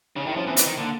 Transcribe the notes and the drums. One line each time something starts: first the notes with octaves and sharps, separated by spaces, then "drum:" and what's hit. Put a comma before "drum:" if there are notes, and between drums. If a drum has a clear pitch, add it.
C#3 D#4
D#3 E4
F3 C#4
E3 C4
E3, drum: hi-hat
D#3
D3 A#3